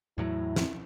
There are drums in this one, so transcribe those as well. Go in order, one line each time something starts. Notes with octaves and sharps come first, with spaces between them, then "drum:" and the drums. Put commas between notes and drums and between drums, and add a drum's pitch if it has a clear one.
E2 A2 F#3 E4
drum: snare